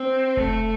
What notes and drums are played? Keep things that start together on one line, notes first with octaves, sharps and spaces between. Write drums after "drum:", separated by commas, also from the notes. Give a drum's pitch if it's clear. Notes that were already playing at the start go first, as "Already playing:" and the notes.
Already playing: C4
A3, drum: kick F1